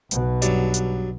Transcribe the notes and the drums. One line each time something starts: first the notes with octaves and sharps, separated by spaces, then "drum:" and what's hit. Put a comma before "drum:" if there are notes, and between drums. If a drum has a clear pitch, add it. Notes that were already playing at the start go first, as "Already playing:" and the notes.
B1 B2, drum: hi-hat
G2 F#3 D5, drum: hi-hat
drum: hi-hat